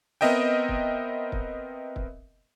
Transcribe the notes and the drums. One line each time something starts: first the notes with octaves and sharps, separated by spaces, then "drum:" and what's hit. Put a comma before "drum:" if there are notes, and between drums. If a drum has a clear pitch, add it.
B3 C4 A#4 D#5 E5 G5
drum: kick
drum: kick
drum: kick